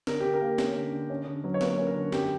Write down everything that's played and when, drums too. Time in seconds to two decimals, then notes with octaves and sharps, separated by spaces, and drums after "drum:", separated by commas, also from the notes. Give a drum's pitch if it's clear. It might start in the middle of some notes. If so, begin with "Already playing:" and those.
0.07 D3 A#4, drum: snare
0.20 D3 G4
0.34 A#4
0.41 A#3
0.58 C#4, drum: snare
0.76 D3
0.93 D3
1.10 C#4
1.27 D3
1.44 F#3
1.54 C#5
1.61 A#3 B4, drum: snare
1.78 C#4
1.87 A#4
1.95 D3
2.12 F#2 G4, drum: snare